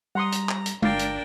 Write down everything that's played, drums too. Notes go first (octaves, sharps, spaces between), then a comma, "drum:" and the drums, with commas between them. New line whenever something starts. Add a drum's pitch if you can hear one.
G3 F#5 A#5 C6 D#6
drum: hi-hat
drum: clap
drum: hi-hat
G1 D4 A#4 F5 G5 D6 A6, drum: tom G#3
drum: hi-hat